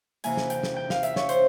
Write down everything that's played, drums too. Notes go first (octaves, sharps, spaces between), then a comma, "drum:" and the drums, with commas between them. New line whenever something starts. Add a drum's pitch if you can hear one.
C3 E3 A#3 E4 G#5, drum: hi-hat
drum: snare
G5, drum: hi-hat
drum: snare
G5
F5, drum: snare
E5, drum: hi-hat
C#5, drum: snare
C5, drum: hi-hat